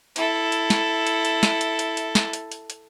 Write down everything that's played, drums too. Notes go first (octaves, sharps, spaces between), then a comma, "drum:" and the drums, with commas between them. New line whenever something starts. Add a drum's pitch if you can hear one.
E4 A4, drum: hi-hat
drum: hi-hat
drum: snare
drum: hi-hat
drum: hi-hat
drum: snare
drum: hi-hat
drum: hi-hat
drum: hi-hat
drum: snare
drum: hi-hat
drum: hi-hat
drum: hi-hat